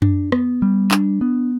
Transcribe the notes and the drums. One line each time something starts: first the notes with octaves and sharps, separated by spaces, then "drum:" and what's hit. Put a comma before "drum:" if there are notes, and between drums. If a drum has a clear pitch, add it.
D4, drum: tom F#2
B3, drum: rim click
G3
D4, drum: clap
B3